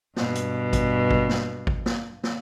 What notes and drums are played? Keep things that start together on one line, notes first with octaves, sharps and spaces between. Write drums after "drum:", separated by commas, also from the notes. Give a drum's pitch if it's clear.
G2 B2, drum: snare
drum: hi-hat
drum: kick G#1, hi-hat
drum: kick G#1
drum: snare
drum: kick G#1
drum: snare
drum: snare